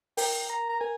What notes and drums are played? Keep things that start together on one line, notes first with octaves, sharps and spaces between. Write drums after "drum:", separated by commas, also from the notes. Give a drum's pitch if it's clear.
A#4 G5, drum: open hi-hat
A#5
A#5
A#4 G#5